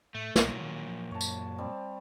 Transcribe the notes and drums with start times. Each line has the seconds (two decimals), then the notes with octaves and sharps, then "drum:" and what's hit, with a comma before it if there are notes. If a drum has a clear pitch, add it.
0.15 A2 A3
0.36 C2 A#2 F#3, drum: snare
0.60 D#3
0.86 F3
1.11 F#2 C#5 A5
1.21 drum: tambourine
1.58 G3 C4